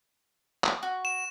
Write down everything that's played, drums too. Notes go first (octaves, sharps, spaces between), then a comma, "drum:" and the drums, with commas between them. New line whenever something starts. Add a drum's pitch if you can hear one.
drum: clap
F#4
E7